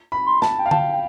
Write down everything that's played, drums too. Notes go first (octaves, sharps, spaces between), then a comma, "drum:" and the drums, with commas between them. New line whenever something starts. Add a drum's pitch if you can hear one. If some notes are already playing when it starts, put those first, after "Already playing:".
B5
C6
A5, drum: snare
G5
F5
G5 A5, drum: tom D3
G5